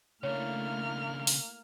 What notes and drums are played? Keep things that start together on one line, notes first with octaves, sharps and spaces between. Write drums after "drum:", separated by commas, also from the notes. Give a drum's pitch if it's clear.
C#3 A3 A#3 D4 E4 C#5 F6
drum: open hi-hat